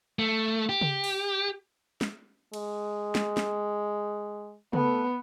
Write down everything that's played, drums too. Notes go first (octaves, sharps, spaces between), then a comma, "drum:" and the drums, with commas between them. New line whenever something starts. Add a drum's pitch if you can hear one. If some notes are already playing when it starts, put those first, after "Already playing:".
A3
G4
drum: tom C#3
drum: open hi-hat
drum: snare
G#3, drum: cymbal
drum: snare
drum: snare
A3 B3, drum: tom C#3